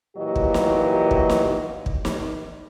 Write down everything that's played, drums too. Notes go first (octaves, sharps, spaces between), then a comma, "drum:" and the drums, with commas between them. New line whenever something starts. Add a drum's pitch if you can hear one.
A#2 E3 F#3 G4 D#5
drum: kick
drum: snare
drum: kick
drum: snare
drum: kick
drum: snare